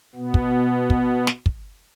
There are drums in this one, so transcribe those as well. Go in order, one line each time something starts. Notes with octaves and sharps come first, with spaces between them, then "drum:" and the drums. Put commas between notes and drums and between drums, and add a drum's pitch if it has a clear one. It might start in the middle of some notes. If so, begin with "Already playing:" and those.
B2 B3
drum: kick
drum: kick
drum: snare
drum: kick